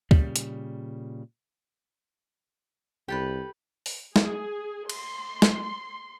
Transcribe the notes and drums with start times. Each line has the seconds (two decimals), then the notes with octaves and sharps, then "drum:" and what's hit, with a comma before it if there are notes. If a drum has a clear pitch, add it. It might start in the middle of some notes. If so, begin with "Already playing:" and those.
0.11 A#2 C#3 G3, drum: kick
0.36 drum: hi-hat
3.08 C2 G4 A4 B4
3.86 drum: open hi-hat
4.16 G#4, drum: snare
4.89 C6, drum: cymbal
5.42 drum: snare